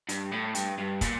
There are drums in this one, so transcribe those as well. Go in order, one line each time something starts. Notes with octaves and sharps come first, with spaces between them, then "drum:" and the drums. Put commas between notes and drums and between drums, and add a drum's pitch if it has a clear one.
G2, drum: hi-hat
A2
G2, drum: hi-hat
G2
A#2, drum: kick, hi-hat